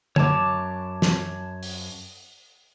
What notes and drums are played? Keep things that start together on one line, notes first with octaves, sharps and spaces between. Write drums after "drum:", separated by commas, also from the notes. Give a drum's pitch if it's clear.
F#2 C#5 A5 D6, drum: tom
drum: snare
drum: open hi-hat